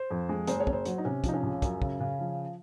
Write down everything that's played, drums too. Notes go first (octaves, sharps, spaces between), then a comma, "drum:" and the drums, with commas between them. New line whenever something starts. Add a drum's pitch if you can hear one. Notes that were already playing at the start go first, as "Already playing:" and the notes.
Already playing: C5
F2
G#3
F#1 C5, drum: hi-hat
C#5
F#1, drum: kick
C5
F#3, drum: hi-hat
D#4
C3 C#4
F3 D#4, drum: kick, hi-hat
C#4
C#2
F#2, drum: kick, hi-hat
C#3, drum: kick
C#3
F3